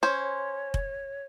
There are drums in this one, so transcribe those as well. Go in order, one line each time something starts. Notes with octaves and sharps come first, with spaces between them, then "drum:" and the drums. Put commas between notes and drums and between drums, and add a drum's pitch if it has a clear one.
C#4 C5 C#5
drum: kick F1